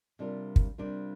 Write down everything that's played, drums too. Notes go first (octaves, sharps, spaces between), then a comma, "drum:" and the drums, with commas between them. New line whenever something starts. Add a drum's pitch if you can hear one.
C3 G3 D4 F4 A#4
drum: kick
C3 G3 D4 F4 A#4